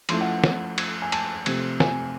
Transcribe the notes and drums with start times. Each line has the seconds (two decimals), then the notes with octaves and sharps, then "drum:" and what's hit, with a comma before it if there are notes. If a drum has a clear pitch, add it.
0.09 F3 A3 C#4 E4 C6, drum: cymbal
0.21 F#5
0.44 drum: snare
0.78 drum: cymbal
1.02 G#5
1.12 A5, drum: cymbal
1.46 C3 F3 A3 C4, drum: cymbal
1.80 G#5, drum: snare